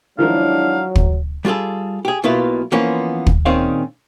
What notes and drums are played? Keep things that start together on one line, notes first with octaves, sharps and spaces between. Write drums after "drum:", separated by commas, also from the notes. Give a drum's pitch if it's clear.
D#3 F3 F#3 G#3 D4 E4 A#4 F5
drum: kick
G3 F4 F#4 G#4 A4
G4 G#4
B1 B2 A#3 E4 F4 B4
E3 F3 A#3 B3 C#4 F4
drum: kick
A#2 D#3 C4 C#4 G#4 F5